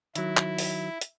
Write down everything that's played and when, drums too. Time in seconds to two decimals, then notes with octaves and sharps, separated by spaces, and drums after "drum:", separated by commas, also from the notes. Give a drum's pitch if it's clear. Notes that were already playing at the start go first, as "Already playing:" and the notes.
0.15 D#3 F#3 E4, drum: hi-hat
0.37 drum: clap
0.58 drum: open hi-hat
1.01 drum: hi-hat